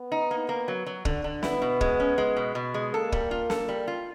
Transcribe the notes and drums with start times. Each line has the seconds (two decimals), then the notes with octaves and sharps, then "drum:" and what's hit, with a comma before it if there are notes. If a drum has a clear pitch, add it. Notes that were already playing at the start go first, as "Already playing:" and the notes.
Already playing: B3
0.12 D#4
0.31 A#3
0.49 A#3
0.68 F#3
0.86 F#3
1.05 D3, drum: kick
1.24 D3
1.43 B3 E4, drum: snare
1.62 B2
1.81 G#3, drum: kick
2.00 C#4
2.18 G#3
2.37 B2
2.55 B2
2.74 G#3
2.93 A#3 A4
3.12 G3, drum: kick
3.31 F4
3.50 A4, drum: snare
3.68 G3
3.88 F4